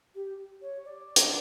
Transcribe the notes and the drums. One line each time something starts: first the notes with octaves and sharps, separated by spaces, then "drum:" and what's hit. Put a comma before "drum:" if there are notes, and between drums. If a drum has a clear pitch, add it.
G4
C#5
D5
drum: hi-hat